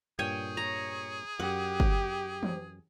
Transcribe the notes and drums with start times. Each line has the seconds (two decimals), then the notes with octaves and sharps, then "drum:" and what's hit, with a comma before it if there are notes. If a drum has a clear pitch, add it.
0.19 G2 A#2 G#4 C#5 G5 G#5
0.57 C#5 A#5
1.40 F#2 G4 F#5
1.80 drum: kick G1
2.43 drum: tom E3